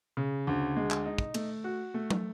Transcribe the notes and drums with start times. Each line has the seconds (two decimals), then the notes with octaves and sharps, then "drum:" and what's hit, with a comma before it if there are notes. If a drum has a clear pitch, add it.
0.17 C#3
0.47 D2
0.77 G#3
0.91 drum: clap
1.06 D#4
1.18 drum: kick
1.34 A3, drum: cymbal
1.64 F#4
1.94 A3
2.10 drum: tom